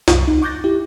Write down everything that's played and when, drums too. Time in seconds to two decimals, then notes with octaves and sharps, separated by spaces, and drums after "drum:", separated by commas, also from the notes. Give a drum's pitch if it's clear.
0.08 C2 F#2, drum: snare
0.28 D2 D#4
0.42 C#6 D6 F#6 G6 A6 A#6
0.64 E4 G4